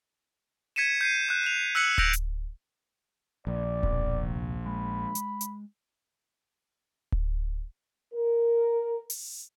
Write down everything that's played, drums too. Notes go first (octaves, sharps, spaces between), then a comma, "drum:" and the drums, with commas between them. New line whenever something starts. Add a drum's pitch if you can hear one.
G#6 B6 C#7 D#7 E7
G6 C7 D#7
F#6 G6
G6 F7
E6 F#6 B6 C#7 F#7
E6 F#6 G6 A#6 D7 F7, drum: kick D1
drum: hi-hat
A#1 D5
F2 B2 F3, drum: kick D1
D2 C3
G#3 B5
drum: hi-hat
drum: hi-hat
drum: kick D1
A#4
drum: open hi-hat